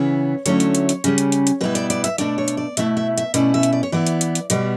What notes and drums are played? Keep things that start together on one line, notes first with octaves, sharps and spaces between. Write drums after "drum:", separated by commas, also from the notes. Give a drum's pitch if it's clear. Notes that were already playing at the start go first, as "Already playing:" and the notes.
Already playing: C#3 E3 B3 E4 C#5
D3 F#3 A3 C#4 E4 C#5, drum: hi-hat
drum: hi-hat
drum: hi-hat
drum: hi-hat
C#3 G3 C#4, drum: hi-hat
drum: hi-hat
drum: hi-hat
drum: hi-hat
B2 G3 B3 E4 B4
D5, drum: hi-hat
D5, drum: hi-hat
E5, drum: hi-hat
B2 A3 D4 D5, drum: hi-hat
C#5
drum: hi-hat
D5
B2 A3 E4 E5, drum: hi-hat
E5
E5, drum: hi-hat
B2 A3 C#4 E4 D5, drum: hi-hat
E5
drum: hi-hat
D5
C#5
E3 B3 E4 D5
drum: hi-hat
drum: hi-hat
drum: hi-hat
B2 G3 B3 D5, drum: hi-hat